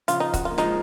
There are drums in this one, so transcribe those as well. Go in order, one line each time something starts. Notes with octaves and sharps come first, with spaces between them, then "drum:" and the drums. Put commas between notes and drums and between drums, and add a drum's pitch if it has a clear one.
C#3 F3 F4, drum: hi-hat
D#4
F#4, drum: kick C#1, hi-hat
F4
A#3
F3 G#3 D#4, drum: snare